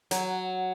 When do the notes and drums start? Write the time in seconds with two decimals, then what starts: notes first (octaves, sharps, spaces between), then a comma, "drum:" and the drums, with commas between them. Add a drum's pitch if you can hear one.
0.11 F#3, drum: hi-hat